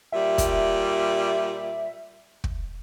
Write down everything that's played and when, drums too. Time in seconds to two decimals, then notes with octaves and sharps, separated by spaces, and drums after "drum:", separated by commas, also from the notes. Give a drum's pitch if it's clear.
0.12 A#2 G3 E5
0.38 drum: kick, hi-hat
2.44 drum: kick